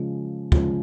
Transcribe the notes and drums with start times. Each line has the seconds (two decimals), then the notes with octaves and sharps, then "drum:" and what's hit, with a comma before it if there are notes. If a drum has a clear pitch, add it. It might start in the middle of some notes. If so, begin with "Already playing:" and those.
Already playing: C#3 F3 G#3
0.52 C#3 F3 G#3, drum: kick